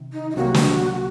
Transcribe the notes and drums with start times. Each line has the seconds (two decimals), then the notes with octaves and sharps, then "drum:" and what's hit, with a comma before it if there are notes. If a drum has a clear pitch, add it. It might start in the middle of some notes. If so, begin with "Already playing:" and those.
Already playing: C3 D#3
0.13 D#4
0.31 D#4
0.36 C2 C3 F#3 A#3 F#4
0.54 drum: snare